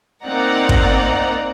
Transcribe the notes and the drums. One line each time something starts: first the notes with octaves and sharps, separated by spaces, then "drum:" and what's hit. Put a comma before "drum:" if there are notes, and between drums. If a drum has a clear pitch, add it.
A#3 C4 D#4 D5 F#5 A#5
drum: kick